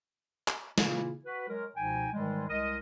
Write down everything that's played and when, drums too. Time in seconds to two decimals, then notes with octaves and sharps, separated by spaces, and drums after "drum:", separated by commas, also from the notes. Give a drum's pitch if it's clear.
0.48 drum: clap
0.78 A#2 C#3 E3 A#3 E4 F4, drum: snare
1.24 F#4 B4
1.49 F#3 G#3 A#4
1.75 C#2 B2 F3 D#4 G5 G#5
2.13 G#2 D#3 E3 G3 G#3
2.49 C2 G#3 A#4 D#5